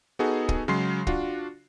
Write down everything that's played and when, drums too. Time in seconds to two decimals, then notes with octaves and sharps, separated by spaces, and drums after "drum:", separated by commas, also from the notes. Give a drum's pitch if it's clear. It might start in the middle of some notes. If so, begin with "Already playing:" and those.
0.19 B3 D#4 F#4 G#4 A4
0.49 drum: kick
0.68 C#3 F#3 G#3 C6 C7
1.07 D4 F4 F#4, drum: kick